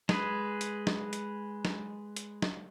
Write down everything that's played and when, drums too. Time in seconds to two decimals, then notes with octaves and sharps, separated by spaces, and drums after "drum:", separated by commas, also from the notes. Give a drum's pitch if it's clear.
0.09 G#3 G#4 B4, drum: snare
0.61 drum: hi-hat
0.87 drum: snare
1.13 drum: hi-hat
1.65 drum: snare
2.16 drum: hi-hat
2.42 drum: snare